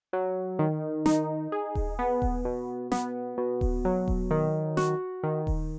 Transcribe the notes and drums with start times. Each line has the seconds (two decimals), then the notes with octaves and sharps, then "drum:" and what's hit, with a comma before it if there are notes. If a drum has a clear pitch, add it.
0.13 F#3
0.59 D#3
1.06 D#4, drum: snare
1.52 G#4
1.75 drum: kick D#1
1.99 B3
2.22 drum: kick D#1
2.45 B2
2.92 B3, drum: snare
3.38 B2
3.61 drum: kick D#1
3.85 F#3
4.08 drum: kick D#1
4.31 D#3
4.77 F#4, drum: snare
5.23 D#3
5.47 drum: kick D#1